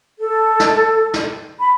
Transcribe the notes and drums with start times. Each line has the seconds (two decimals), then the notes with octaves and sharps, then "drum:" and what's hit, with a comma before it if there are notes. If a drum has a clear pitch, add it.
0.19 A4
0.60 drum: snare
1.14 drum: snare
1.59 B5